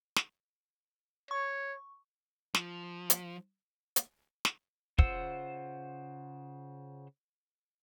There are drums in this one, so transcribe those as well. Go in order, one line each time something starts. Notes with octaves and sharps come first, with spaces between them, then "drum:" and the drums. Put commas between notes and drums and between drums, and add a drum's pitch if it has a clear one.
drum: snare
C#5 C#6
F3, drum: snare
drum: hi-hat
drum: hi-hat
drum: snare
C#3 F4 C5 F#5 E6, drum: kick